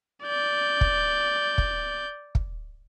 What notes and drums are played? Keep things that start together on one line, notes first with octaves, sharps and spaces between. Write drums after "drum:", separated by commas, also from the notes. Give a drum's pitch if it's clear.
D5 G6
drum: kick
drum: kick
drum: kick